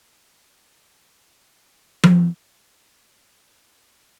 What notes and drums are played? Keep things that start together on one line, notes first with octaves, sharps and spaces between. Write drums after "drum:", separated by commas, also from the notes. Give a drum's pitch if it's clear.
F#4
G4
F#4
drum: tom F3
F4
E4
G4